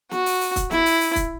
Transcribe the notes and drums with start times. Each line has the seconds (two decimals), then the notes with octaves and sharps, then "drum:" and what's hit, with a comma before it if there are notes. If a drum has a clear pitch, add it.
0.11 F#4, drum: snare
0.26 drum: open hi-hat
0.41 drum: open hi-hat
0.56 drum: kick, hi-hat
0.71 E4, drum: snare
0.86 drum: open hi-hat
1.01 drum: open hi-hat
1.16 drum: kick, hi-hat